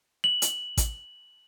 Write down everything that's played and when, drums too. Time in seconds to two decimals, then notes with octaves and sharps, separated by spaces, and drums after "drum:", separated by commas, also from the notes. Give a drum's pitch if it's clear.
0.24 F#7
0.42 drum: hi-hat
0.77 drum: kick A1, hi-hat